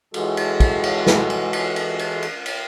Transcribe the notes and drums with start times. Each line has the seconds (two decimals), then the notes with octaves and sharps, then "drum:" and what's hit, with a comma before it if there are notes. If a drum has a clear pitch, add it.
0.14 E3 G#3 F#4 A4, drum: cymbal
0.37 drum: cymbal
0.60 drum: kick, cymbal
0.83 drum: cymbal
1.07 drum: snare
1.30 drum: cymbal
1.53 drum: cymbal
1.76 drum: cymbal
1.99 drum: cymbal
2.22 drum: cymbal
2.46 drum: cymbal